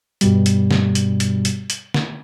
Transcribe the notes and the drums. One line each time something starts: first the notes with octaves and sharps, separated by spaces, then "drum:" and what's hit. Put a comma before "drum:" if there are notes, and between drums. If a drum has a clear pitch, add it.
G2 B2 G3, drum: hi-hat
drum: hi-hat
drum: snare
drum: hi-hat
drum: hi-hat
drum: hi-hat
drum: hi-hat
drum: snare